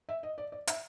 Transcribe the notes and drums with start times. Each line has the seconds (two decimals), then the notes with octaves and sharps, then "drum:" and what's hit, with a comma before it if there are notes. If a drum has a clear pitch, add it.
0.09 E5
0.23 D#5
0.38 D5
0.52 D5
0.67 E5, drum: hi-hat